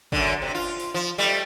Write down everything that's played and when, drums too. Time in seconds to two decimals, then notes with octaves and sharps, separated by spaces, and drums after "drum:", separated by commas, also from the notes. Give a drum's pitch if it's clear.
0.12 F#2 D3, drum: kick
0.42 C3
0.55 F4
0.80 drum: open hi-hat
0.94 F3
1.18 G3 A3